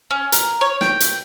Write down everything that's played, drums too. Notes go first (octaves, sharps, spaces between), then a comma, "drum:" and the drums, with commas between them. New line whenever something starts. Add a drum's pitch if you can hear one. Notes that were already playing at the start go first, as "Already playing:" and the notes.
C#4
A#4, drum: hi-hat
C#5
G5, drum: snare
drum: hi-hat